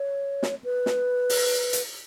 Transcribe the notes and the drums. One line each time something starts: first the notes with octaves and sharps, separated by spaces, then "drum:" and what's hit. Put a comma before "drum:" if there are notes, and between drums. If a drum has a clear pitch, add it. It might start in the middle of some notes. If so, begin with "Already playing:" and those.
Already playing: C#5
drum: snare
B4
drum: snare
drum: open hi-hat
drum: hi-hat